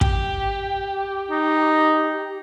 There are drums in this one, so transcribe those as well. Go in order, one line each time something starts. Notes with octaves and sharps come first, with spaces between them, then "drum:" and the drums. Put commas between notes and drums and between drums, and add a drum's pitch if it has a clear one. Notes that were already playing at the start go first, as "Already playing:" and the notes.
G4, drum: kick
D#4